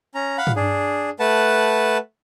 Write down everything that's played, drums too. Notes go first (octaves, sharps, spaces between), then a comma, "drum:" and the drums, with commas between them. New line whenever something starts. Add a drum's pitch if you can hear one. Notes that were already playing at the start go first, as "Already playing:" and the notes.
C#4 A#5
F5 F#5 B5
drum: tom
D4 G#4
A3 B4 F#5 A5